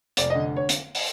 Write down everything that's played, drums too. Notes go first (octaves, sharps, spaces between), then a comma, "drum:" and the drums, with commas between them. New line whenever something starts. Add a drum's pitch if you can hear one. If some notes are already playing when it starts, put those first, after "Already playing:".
F1 D5, drum: hi-hat
D#5
D3
C#5
drum: hi-hat
drum: open hi-hat